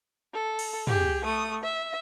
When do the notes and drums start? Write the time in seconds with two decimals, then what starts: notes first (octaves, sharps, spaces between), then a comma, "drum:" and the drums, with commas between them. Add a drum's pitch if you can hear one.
0.34 A4
0.59 drum: cymbal
0.87 G4 G#4, drum: tom
1.25 A3 D#6
1.63 E5